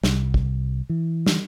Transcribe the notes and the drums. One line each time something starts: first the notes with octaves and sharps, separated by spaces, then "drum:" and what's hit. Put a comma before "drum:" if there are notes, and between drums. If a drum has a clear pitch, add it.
C2, drum: snare
drum: kick
E3
drum: snare